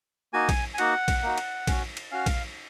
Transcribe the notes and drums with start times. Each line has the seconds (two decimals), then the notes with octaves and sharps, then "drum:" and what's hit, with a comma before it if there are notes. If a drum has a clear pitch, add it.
0.33 A#3 D#4 F#4 G#5
0.49 drum: kick A#1, cymbal
0.74 G#5
0.78 A#3 D#4 F#4 F#5, drum: cymbal
1.08 drum: kick A#1, cymbal
1.23 A#3 D#4 F#4
1.38 drum: cymbal
1.67 C#4 F#4, drum: kick A#1, cymbal
1.97 drum: cymbal
2.12 C#4 F#4 F5
2.26 drum: kick A#1, cymbal